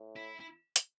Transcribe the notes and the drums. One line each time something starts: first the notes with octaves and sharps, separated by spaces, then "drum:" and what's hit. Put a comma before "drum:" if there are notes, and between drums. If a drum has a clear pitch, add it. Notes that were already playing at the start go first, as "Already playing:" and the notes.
Already playing: A2
E4
E4
drum: hi-hat